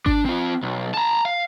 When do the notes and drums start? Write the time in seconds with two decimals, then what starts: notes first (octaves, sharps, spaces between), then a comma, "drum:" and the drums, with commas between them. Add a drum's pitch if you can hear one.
0.06 D4, drum: kick G#1
0.26 C4 F4
0.63 B1
0.94 A5 A#5
1.25 F5